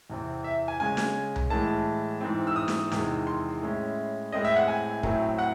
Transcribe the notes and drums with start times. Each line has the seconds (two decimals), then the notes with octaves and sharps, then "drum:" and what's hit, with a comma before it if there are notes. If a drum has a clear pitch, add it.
0.10 E2 C3 E3 C4
0.44 E5
0.68 G#5
0.80 C#3 G#3 C#4 G#5
0.97 drum: snare
1.36 drum: tom C2
1.50 A2 E3 G#3 A5
2.21 G#2 E3 C4
2.47 E6
2.56 D#6
2.68 drum: snare
2.91 E2 C3 D#3 G#3, drum: snare
3.27 C6
3.62 A2 G#3 C#4 E4
4.32 A2 G#3 C4 E4 D#5
4.45 E5
4.56 F#5
4.68 G#5
5.03 A2 F#3 C4 E4, drum: kick
5.39 F#5